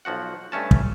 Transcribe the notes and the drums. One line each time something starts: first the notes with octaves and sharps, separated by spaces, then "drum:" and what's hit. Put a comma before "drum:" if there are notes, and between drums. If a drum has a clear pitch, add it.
B1 F3 F#4 F#5
G2 A3 C#4 A5
drum: kick